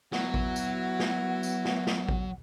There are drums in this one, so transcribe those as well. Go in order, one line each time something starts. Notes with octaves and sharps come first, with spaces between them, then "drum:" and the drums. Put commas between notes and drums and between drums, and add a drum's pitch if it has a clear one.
F#3 B3 E4 F#4 F#5, drum: snare
drum: kick A1
drum: tambourine
drum: snare
drum: tambourine
drum: snare
drum: snare
drum: kick A1